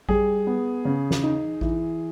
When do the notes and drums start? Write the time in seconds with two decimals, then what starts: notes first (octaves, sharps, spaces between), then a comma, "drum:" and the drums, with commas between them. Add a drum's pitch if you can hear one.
0.09 G3 G#4, drum: kick A1
0.47 B3
0.85 C#3
1.11 drum: snare
1.23 D#4
1.61 E3, drum: kick A1